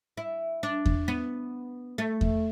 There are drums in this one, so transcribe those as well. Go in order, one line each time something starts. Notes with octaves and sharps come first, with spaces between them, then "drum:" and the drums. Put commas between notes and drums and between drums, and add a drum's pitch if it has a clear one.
E4
D4
drum: kick E2
B3
A3
drum: kick E2